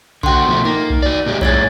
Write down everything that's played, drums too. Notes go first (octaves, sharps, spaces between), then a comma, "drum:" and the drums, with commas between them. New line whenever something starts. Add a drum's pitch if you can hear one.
D3 F#4 G5 C6, drum: kick B1
B2 F3 A3
A#3 D#4
drum: kick B1
F#4 D5
A#2 G#3 G4
F2 A2 G#4 C#5 G#6 A6, drum: kick B1